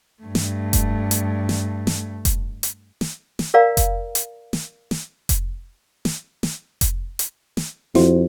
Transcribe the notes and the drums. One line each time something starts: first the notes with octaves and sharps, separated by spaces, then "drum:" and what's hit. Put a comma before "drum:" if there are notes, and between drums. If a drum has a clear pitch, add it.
G2 A3
drum: snare
drum: kick F1, hi-hat
drum: hi-hat
drum: snare
drum: snare
drum: kick F1, hi-hat
drum: hi-hat
drum: snare
drum: snare
A#4 D5 F5 A#5
drum: kick F1, hi-hat
drum: hi-hat
drum: snare
drum: snare
drum: kick F1, hi-hat
drum: snare
drum: snare
drum: kick F1, hi-hat
drum: hi-hat
drum: snare
F2 E4 F#4 C5, drum: snare